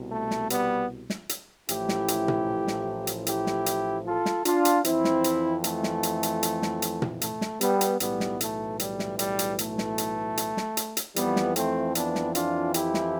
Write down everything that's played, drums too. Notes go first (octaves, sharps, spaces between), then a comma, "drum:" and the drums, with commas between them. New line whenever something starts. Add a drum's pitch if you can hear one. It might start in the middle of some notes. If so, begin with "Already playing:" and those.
Already playing: C2 B2
A3
drum: snare
G3 B3, drum: hi-hat
drum: snare
drum: hi-hat
A1 A2 F3 E4 G4, drum: hi-hat
drum: snare
drum: hi-hat
drum: tom A#2
drum: snare
drum: hi-hat
E4 G4, drum: hi-hat
drum: snare
drum: hi-hat
F4 A4
drum: snare
D4 F4, drum: hi-hat
drum: hi-hat
F2 E3 C4 E4, drum: hi-hat
drum: snare
drum: hi-hat
A3, drum: hi-hat
drum: snare
drum: hi-hat
drum: hi-hat
drum: hi-hat
drum: snare
drum: hi-hat
drum: tom A#2
A3, drum: hi-hat
drum: snare
G3 B3, drum: hi-hat
drum: hi-hat
B1 A2 E3 G3 B3, drum: hi-hat
drum: snare
A3, drum: hi-hat
G3, drum: hi-hat
drum: snare
G3, drum: hi-hat
drum: hi-hat
A3, drum: hi-hat
drum: snare
drum: hi-hat
drum: hi-hat
drum: snare
drum: hi-hat
drum: hi-hat
F2 E3 G3 B3, drum: hi-hat
drum: snare
A3 C4, drum: hi-hat
B3 D4, drum: hi-hat
drum: snare
D4 F4, drum: hi-hat
E4 G4, drum: hi-hat
drum: snare